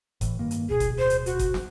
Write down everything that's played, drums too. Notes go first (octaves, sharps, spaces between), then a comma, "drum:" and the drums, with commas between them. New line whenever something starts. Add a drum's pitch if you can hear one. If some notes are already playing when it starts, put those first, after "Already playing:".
A2 E3, drum: kick F#1, hi-hat
G2 D#3 A#3
drum: hi-hat
D1 B2 G#4
drum: kick F#1, hi-hat
C5
drum: hi-hat
F#4, drum: hi-hat
drum: kick F#1, hi-hat
drum: snare